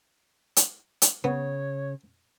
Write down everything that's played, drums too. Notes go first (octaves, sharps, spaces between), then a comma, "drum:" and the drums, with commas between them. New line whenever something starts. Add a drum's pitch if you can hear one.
drum: hi-hat
drum: hi-hat
C#3 B3 C#5